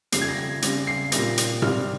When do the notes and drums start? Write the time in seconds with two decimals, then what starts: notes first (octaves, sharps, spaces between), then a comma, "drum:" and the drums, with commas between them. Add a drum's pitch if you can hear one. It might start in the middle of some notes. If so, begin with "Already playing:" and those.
0.12 F2 C#3 G3 C7, drum: hi-hat
0.22 G#6
0.29 A#6
0.62 C#3 G3 C4 A#6, drum: hi-hat
0.87 C7
1.12 A#2 G3 C4 A#6, drum: hi-hat
1.38 drum: hi-hat
1.62 C3 G3 C4 F6, drum: tom